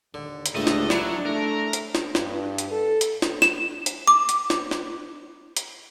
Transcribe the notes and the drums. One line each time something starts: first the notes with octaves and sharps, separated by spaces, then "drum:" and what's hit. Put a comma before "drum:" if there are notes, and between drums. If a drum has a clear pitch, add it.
D#2 D3
drum: hi-hat
C#2 G3 A3 D4 A4 D#5
drum: snare
F#3 E4 D5, drum: snare
A3 A#4
drum: hi-hat
drum: snare
G2, drum: snare
drum: hi-hat
A4
drum: hi-hat
drum: snare
E7, drum: snare
drum: hi-hat
D6
drum: hi-hat
drum: snare
drum: snare
drum: hi-hat